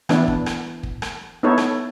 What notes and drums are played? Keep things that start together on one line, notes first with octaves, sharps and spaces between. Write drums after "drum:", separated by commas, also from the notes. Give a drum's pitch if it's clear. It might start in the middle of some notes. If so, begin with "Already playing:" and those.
E3 B3 D4, drum: rim click
drum: kick
drum: rim click
drum: kick
drum: rim click
B3 D#4 E4 A4 C#5
drum: rim click